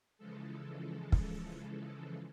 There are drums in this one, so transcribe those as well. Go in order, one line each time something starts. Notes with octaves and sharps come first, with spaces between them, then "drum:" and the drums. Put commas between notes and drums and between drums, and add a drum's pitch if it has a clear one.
C#3 E3 F3 G#3 A4
drum: kick